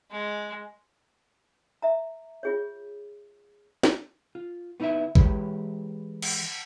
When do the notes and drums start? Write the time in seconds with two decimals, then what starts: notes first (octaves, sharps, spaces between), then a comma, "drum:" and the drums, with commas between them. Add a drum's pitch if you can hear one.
0.11 G#3
1.82 E5 A#5
2.43 F4 G#4 C#5
3.83 drum: snare
4.35 F4
4.80 B3 D#4 E4 D5 E5
5.15 E3 G#3 E4 G4 C#5, drum: kick G#1
6.22 drum: cymbal